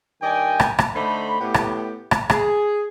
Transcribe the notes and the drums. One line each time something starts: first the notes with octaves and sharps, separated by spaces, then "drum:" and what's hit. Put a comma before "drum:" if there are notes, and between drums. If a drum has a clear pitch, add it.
G2 D#3 D5 D#5 G5 G#5
drum: rim click
drum: rim click
D3 A3 D#4 C5 B5
A2 B3 G4
drum: rim click
drum: rim click
G#4, drum: rim click